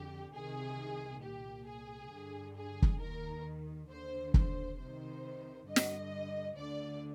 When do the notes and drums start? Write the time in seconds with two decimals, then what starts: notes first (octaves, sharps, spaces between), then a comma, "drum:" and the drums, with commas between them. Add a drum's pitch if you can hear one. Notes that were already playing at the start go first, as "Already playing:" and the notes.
Already playing: F2 D3 G4
0.34 C2 C3 D#3 G#4
1.22 C2 A#2 G4
1.67 G#4
2.11 G2 D3
2.56 G#4
2.82 drum: kick
3.00 D#2 D#3 A#4
3.90 D#2 D3 C5
4.34 C5, drum: kick
4.79 C2 C3 D#3 C5
5.67 G2 D3 D#5
5.76 drum: snare
6.56 D2 D3 D5